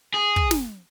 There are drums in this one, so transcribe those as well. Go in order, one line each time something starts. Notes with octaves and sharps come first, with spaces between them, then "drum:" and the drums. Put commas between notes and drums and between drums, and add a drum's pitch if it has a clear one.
G#4
drum: kick
drum: snare